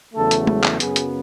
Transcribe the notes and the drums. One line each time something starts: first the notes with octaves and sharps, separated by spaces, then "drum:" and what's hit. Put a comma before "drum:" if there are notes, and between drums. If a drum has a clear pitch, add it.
E2 C#3 F#3 A3 A4
drum: hi-hat
drum: tom G#3
drum: clap
F#2 C#3 F#3 B3 G#4, drum: hi-hat
drum: hi-hat